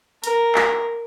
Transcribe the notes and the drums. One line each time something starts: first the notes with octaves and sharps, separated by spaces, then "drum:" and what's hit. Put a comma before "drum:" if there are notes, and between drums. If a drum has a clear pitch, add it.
A#4, drum: hi-hat
drum: clap